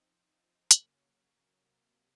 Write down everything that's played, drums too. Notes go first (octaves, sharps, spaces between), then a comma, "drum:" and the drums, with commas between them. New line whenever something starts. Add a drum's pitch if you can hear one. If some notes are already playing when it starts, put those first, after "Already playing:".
Already playing: F3 C4 D#4
C#3 F#3 A#3 C#4, drum: hi-hat
C3 F#3 A#3